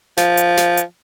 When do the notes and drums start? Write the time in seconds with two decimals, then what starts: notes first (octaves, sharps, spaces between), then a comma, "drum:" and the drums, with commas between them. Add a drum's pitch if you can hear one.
0.17 F3, drum: snare
0.37 drum: hi-hat
0.57 drum: snare
0.77 drum: hi-hat